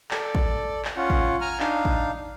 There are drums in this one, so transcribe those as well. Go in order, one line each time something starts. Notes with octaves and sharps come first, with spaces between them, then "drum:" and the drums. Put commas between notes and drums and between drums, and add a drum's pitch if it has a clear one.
A4 D5, drum: clap
drum: kick A1
drum: clap
C#4 F4 F#5
drum: kick A1
G#5 A#5 F6
D4 D#4 F5, drum: clap
drum: kick A1